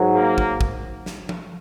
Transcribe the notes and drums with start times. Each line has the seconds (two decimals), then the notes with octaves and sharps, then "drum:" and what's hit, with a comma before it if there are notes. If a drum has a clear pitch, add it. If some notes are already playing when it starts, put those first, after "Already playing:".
Already playing: G#2 F#3
0.15 A#3
0.38 drum: kick
0.61 drum: kick
1.06 drum: snare
1.29 drum: tom